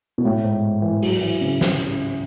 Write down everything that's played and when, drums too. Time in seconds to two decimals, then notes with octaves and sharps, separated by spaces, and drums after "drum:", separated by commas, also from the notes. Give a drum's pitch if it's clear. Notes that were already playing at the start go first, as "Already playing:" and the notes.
0.18 B2
0.25 A2
0.44 G#2
0.82 E3
1.03 F#3, drum: open hi-hat
1.21 E3
1.41 C#3
1.61 drum: snare
1.77 drum: hi-hat